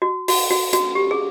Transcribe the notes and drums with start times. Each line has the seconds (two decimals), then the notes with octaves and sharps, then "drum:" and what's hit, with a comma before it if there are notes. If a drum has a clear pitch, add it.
0.02 F#4
0.28 F#4, drum: open hi-hat
0.50 F#4
0.73 F#4, drum: hi-hat
0.95 G4
1.11 G#4